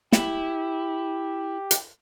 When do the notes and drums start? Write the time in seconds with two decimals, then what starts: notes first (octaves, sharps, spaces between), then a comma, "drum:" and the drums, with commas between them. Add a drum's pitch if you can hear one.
0.12 E4 G4, drum: snare
1.71 drum: hi-hat